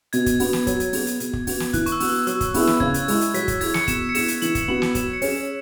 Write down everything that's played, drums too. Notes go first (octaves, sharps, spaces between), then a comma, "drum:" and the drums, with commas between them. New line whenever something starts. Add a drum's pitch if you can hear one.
B2 G#6, drum: hi-hat
drum: kick, hi-hat
B3 F#4, drum: open hi-hat
drum: snare
F#3, drum: kick, hi-hat
drum: hi-hat
B3 G#4, drum: open hi-hat
drum: hi-hat
B2, drum: hi-hat
drum: kick
B3 F#4, drum: open hi-hat
drum: snare
E3 F#6, drum: kick, hi-hat
C#6, drum: hi-hat
E6
B3 F#4, drum: open hi-hat
E6
F#3 E6, drum: hi-hat
drum: kick, hi-hat
B3 E4 G#4, drum: open hi-hat
drum: snare
C#3 G#6, drum: kick
drum: hi-hat
G#3 E4, drum: open hi-hat
drum: hi-hat
F#3 B6, drum: hi-hat
drum: kick, hi-hat
E4 G#4 G#6, drum: open hi-hat
C#7, drum: snare
B2 E7, drum: kick, hi-hat
C#7
B3 E4 G#4 E7, drum: open hi-hat
drum: hi-hat
E3 F#7, drum: hi-hat
drum: kick, hi-hat
B3 F#4 F#7
drum: snare
F#3 E7, drum: kick, hi-hat
C#7
C#4 G#4, drum: open hi-hat
E7